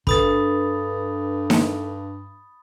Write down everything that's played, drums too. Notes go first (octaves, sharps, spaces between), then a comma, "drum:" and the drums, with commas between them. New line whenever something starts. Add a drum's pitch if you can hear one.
G2 D4 A4 B4 B5 D#6 A6, drum: kick
drum: snare D#4